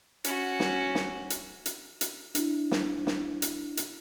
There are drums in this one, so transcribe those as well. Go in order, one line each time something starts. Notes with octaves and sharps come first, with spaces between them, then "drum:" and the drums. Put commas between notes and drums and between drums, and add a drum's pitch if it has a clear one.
C#4 F#4, drum: hi-hat
drum: snare
drum: snare
drum: hi-hat
drum: hi-hat
drum: hi-hat
D4 E4, drum: hi-hat
drum: snare
drum: snare
drum: hi-hat
drum: hi-hat